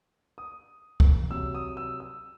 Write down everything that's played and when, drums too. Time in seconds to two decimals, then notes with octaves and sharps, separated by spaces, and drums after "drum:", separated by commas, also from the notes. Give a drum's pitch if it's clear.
0.38 D#6
1.00 drum: kick
1.31 C3 F#3 E6
1.55 D#6
1.77 E6
2.00 E6